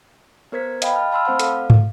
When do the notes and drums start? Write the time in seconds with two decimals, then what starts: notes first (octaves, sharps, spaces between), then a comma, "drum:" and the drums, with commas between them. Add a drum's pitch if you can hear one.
0.52 B3 A#4 C5 G#6 B6
0.82 D#5 F5 G5 B5, drum: hi-hat
0.93 A5 F6
1.12 F5 A5 B5 C6 E6 F6
1.25 A3 C4 C5 F#5 F6
1.39 A4 F5, drum: hi-hat
1.70 drum: tom